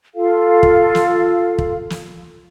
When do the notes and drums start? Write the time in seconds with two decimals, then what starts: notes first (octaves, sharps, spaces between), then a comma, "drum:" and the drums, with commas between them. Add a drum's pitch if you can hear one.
0.15 F4 A4 F5
0.63 drum: kick
0.95 drum: snare
1.58 drum: kick
1.90 drum: snare